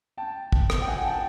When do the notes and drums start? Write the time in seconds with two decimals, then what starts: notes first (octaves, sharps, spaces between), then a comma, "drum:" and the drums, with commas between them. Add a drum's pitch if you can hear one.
0.17 G5 A5
0.52 drum: kick
0.70 drum: rim click
0.82 G5
0.88 F#5 G#5
1.04 G5 A5